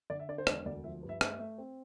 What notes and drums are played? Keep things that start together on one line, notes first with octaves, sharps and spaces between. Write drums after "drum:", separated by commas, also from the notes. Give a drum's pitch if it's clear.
D3 D5
E5
D4 D5
C5
E1 D5, drum: rim click
D2 D5
F3 E5
G2
E5
A3 E5, drum: rim click
A3
C4